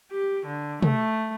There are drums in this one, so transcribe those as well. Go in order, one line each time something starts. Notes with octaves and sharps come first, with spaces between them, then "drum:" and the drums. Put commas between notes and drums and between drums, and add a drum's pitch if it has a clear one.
G4
D3
A3, drum: tom